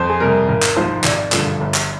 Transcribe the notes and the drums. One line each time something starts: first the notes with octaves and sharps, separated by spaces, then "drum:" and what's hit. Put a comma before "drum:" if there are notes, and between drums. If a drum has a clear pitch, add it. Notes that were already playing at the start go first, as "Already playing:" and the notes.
Already playing: F2 C5
G#4
C3 G3 A#4
G#1 A#4
drum: clap
G#2 F3 C5
G#1 D5, drum: clap
G2 D3 F3, drum: clap
G1
drum: clap